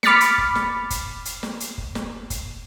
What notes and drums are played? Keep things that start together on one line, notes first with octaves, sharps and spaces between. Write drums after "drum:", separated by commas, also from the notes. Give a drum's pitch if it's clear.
B5 D6 F6 A6 B6 C#7, drum: snare
drum: hi-hat
drum: kick
drum: snare
drum: kick, hi-hat
drum: hi-hat
drum: snare
drum: hi-hat
drum: kick
drum: snare
drum: kick, hi-hat